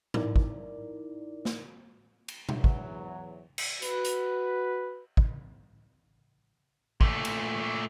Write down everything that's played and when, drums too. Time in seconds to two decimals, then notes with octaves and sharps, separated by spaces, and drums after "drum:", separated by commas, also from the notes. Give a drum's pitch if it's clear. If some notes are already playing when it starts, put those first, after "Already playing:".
0.14 D#4 E4 A#4 D5, drum: tom G#2
0.36 drum: kick
1.45 drum: snare
2.28 drum: cymbal
2.49 E2 F#3, drum: tom B2
2.64 drum: kick
3.58 drum: cymbal
3.82 F#4 B4, drum: hi-hat
4.05 drum: hi-hat
5.17 drum: kick
7.01 A#2 A3, drum: kick
7.25 drum: cymbal